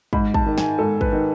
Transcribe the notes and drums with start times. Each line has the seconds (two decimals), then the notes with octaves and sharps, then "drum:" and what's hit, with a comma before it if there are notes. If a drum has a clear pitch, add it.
0.13 G#2 B5, drum: kick
0.34 A5, drum: kick
0.46 D#3
0.58 G#5, drum: snare
0.79 G#2 A4
1.01 B4, drum: kick
1.13 D#3